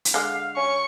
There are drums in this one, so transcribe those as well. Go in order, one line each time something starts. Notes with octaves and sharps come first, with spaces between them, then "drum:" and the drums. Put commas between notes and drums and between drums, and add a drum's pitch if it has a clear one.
drum: hi-hat
D3 G#3 F5
C#4 C#6